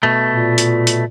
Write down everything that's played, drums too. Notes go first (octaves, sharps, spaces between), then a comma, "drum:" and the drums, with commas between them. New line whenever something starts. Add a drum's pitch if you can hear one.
B2 A3
A#2
drum: hi-hat
drum: hi-hat